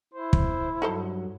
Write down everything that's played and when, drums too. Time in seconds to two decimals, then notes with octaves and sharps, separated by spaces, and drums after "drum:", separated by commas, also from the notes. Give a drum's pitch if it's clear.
0.14 E4 C5
0.33 drum: kick
0.82 G2 F#3 D#4 A4 C5